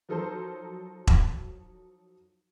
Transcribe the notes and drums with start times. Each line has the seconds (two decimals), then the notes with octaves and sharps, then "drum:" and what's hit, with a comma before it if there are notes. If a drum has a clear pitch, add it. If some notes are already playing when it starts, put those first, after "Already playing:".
0.09 F3 F#3 D#4 A4 A#4 C5
1.07 drum: kick E1